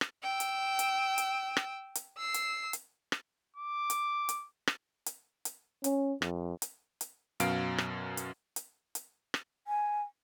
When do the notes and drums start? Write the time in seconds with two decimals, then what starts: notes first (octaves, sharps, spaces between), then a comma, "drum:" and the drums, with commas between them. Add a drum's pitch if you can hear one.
0.01 drum: rim click
0.23 G5 E6
0.40 drum: hi-hat
0.79 drum: hi-hat
1.18 drum: hi-hat
1.57 drum: rim click
1.95 drum: hi-hat
2.18 E6 C7
2.34 drum: hi-hat
2.73 drum: hi-hat
3.12 drum: rim click
3.56 D6
3.90 drum: hi-hat
4.29 drum: hi-hat
4.67 drum: rim click
5.06 drum: hi-hat
5.45 drum: hi-hat
5.84 C#4, drum: hi-hat
6.22 F2, drum: rim click
6.62 drum: hi-hat
7.01 drum: hi-hat
7.40 F#2 B2 F5 D7, drum: hi-hat
7.78 drum: rim click
8.17 drum: hi-hat
8.56 drum: hi-hat
8.95 drum: hi-hat
9.34 drum: rim click
9.67 G#5